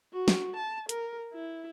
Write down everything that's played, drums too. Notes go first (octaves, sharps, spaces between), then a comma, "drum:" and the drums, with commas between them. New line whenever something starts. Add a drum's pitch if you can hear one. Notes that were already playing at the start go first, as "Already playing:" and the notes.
F#4
drum: snare
A5
A#4, drum: hi-hat
E4